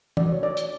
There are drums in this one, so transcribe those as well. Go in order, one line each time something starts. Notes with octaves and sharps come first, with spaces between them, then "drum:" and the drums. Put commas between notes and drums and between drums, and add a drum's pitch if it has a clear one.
A3 D4 F#4 D5, drum: tom
C#5
D5
drum: hi-hat